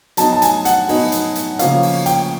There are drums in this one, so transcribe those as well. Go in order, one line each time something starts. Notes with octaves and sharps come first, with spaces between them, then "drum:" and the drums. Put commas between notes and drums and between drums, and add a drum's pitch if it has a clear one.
F#3 B3 D#4 A5, drum: hi-hat
A5
G#5, drum: hi-hat
F#5, drum: hi-hat
F#3 B3 D#4, drum: open hi-hat
drum: hi-hat
drum: hi-hat
C#3 F3 A#3 C#4 F5, drum: hi-hat
drum: open hi-hat
G5, drum: hi-hat